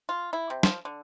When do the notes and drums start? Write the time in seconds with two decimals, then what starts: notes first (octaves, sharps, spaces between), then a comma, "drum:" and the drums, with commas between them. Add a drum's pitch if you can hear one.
0.09 F4
0.33 E4
0.50 C3
0.63 F3, drum: snare
0.85 D3